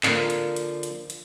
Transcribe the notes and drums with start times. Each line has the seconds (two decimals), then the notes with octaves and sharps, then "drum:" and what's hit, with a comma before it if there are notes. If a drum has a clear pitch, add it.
0.03 D3 F3 A#3, drum: clap
0.30 drum: hi-hat
0.56 drum: hi-hat
0.83 drum: hi-hat
1.10 drum: hi-hat